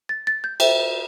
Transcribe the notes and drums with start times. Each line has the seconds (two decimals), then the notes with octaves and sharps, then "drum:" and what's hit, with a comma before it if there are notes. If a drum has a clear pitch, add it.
0.09 A6
0.27 A6
0.44 G6
0.60 A4 C5 E5 G5, drum: cymbal